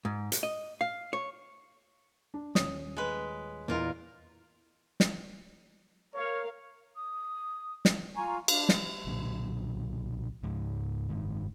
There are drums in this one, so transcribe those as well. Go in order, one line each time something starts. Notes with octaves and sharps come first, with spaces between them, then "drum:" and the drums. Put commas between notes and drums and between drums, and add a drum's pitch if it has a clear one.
G#2
drum: hi-hat
D#5
F5
C#5
D4
D#1 C#4 D#6, drum: snare
G#3 B4
E2 A#2 E3 F4 A#4 D#5
drum: snare
A#4 C#5 F5
D#6
drum: snare
F4 G#5 A#5 C#6
D4 F5, drum: cymbal
drum: snare
B1 A#2 D3 F#3
C#2 G#2
F#1 G#2 D#3